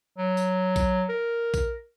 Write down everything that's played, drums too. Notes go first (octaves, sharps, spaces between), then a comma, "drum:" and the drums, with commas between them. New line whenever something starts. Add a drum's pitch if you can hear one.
F#3
drum: tambourine
drum: kick A#1, tambourine
A#4
drum: kick A#1, tambourine